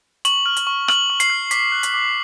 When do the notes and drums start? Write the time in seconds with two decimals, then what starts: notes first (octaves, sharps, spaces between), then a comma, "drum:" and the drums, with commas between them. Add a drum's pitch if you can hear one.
0.25 C#6 F#7, drum: hi-hat
0.46 F6
0.57 drum: hi-hat
0.67 C#6
0.88 F6 F#7, drum: rim click
1.10 C#6
1.20 C7, drum: hi-hat
1.30 F6
1.51 D6 B6, drum: hi-hat
1.72 F#6
1.83 drum: hi-hat
1.94 D6